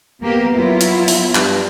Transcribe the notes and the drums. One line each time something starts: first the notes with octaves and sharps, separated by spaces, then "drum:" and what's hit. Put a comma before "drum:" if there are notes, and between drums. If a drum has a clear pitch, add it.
A#3 B3 G4
F#3 E4 F4
drum: hi-hat
drum: open hi-hat
G2, drum: clap